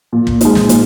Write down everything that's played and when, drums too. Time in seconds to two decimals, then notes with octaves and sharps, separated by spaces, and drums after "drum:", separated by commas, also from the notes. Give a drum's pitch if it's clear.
0.13 A#2
0.27 drum: kick
0.41 G#3 D#4, drum: hi-hat
0.55 drum: snare
0.69 A#2, drum: hi-hat